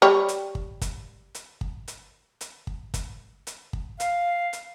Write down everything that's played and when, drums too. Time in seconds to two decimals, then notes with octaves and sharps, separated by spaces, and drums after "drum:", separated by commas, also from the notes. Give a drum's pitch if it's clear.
0.02 G3 C#5
0.28 drum: hi-hat
0.55 drum: kick
0.81 drum: kick, hi-hat
1.35 drum: hi-hat
1.61 drum: kick
1.88 drum: hi-hat
2.41 drum: hi-hat
2.67 drum: kick
2.94 drum: kick, hi-hat
3.47 drum: hi-hat
3.73 drum: kick
4.00 F5, drum: hi-hat
4.53 drum: hi-hat